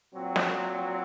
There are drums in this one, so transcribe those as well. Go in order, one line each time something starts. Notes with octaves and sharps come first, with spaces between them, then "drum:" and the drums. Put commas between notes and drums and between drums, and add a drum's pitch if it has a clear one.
A#2 F#3 C4
drum: snare